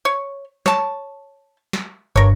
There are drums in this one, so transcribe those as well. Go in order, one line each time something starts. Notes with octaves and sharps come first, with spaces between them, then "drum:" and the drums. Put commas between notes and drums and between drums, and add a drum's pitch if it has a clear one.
C#5
C#5 A5, drum: snare
drum: snare
G2 A#4 C#5, drum: kick